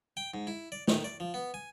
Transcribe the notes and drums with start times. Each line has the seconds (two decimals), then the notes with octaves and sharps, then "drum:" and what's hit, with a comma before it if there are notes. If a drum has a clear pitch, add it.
0.17 G5
0.34 G#2
0.47 E4
0.72 D5
0.88 D#3, drum: snare
1.04 D5
1.20 F3
1.34 B3
1.54 G#5